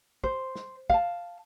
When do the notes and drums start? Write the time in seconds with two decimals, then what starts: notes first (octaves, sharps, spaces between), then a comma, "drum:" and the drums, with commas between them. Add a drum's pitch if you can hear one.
0.24 C5, drum: kick
0.56 drum: snare
0.90 F5 A5, drum: kick